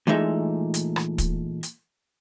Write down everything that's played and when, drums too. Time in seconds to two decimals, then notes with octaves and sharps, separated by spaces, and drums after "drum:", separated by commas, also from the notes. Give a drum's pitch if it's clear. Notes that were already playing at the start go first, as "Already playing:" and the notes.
0.07 A#2 E3 G#3 A3 D#4 E5
0.74 drum: hi-hat
0.96 drum: rim click
1.18 drum: kick, hi-hat
1.63 drum: hi-hat